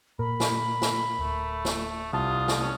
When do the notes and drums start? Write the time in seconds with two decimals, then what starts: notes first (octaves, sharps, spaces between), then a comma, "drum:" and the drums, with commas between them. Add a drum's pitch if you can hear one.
0.19 A#2 A#4 B5
0.40 drum: snare
0.82 drum: snare
1.19 D1 A3
1.65 drum: snare
2.13 C2 F4 A5 D#6
2.48 drum: snare
2.61 C#4